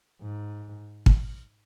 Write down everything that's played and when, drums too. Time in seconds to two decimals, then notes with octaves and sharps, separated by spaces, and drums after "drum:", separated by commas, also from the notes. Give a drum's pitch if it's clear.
0.22 G#2
1.06 drum: kick